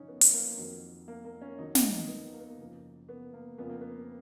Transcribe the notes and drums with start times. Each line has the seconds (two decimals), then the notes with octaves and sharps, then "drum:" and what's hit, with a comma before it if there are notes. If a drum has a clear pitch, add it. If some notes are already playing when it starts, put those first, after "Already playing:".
Already playing: G#1 F#2 C#3 F3 C#4 D#4
0.08 B3
0.21 drum: hi-hat
0.33 A#3
0.58 F2 D#3 F#3
1.08 A#3
1.25 A#3
1.41 C#4
1.58 D#2 D#3 F#3 D#4
1.75 D#4, drum: snare
1.91 D#4
2.08 B3
2.33 A#3
2.40 B3
2.47 A#3
2.58 F#1 F#2 F3
3.09 B3
3.33 A#3
3.58 F2 C#3 F3 B3
3.69 A#3
3.81 B3